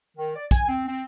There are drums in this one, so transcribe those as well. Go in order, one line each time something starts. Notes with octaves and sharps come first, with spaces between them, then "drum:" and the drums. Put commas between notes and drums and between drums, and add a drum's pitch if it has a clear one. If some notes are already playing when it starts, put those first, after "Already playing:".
D#3
D5
G#5, drum: kick, hi-hat
C4
C4